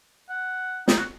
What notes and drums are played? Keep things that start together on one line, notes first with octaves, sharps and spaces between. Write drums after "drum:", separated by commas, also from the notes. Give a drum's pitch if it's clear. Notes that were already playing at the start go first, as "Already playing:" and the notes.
F#5
D#4, drum: snare
F#4